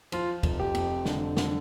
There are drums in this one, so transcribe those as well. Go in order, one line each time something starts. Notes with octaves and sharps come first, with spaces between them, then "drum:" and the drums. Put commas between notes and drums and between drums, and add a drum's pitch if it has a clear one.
F3 F4, drum: cymbal
F1, drum: kick, cymbal
G4
F2, drum: cymbal
D3, drum: snare
D3, drum: snare